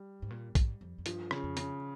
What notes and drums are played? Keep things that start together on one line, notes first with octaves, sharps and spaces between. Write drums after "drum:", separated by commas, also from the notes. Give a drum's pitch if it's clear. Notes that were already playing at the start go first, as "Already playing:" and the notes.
Already playing: G3
G#2
A#2
G#2, drum: kick, hi-hat
F2
F2
G2 F3, drum: hi-hat
C#3, drum: rim click
F2
C#3, drum: hi-hat